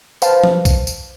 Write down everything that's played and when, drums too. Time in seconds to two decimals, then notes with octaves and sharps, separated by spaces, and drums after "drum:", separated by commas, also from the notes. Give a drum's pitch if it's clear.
0.22 B4 C5 F5 A5, drum: tambourine
0.44 drum: tom F3
0.65 drum: kick B1, tambourine
0.87 drum: tambourine